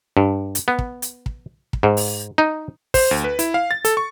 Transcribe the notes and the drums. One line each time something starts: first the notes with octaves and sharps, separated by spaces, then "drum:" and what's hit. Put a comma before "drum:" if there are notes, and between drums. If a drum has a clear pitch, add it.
G2
drum: hi-hat
B3
drum: kick
drum: hi-hat
drum: kick
drum: kick
G#2
drum: open hi-hat
D#4
C5, drum: kick, open hi-hat
D2
B4
E4, drum: hi-hat
F5
A6
A4, drum: hi-hat
C#6